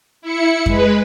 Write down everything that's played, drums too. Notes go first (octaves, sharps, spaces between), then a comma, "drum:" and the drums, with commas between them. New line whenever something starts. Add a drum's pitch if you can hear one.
E4 C#7
G#3 B4, drum: kick F2